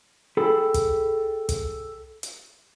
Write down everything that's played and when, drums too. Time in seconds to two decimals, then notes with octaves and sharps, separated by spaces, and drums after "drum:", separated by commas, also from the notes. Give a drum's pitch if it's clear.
0.37 G#4 A4 G5 B5
0.74 drum: kick, hi-hat
1.49 drum: kick, hi-hat
2.23 drum: hi-hat